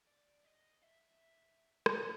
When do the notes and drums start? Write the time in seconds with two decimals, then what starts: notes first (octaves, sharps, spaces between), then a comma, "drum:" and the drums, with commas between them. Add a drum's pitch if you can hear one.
0.08 D5
0.46 D#5
0.83 E5
1.86 drum: rim click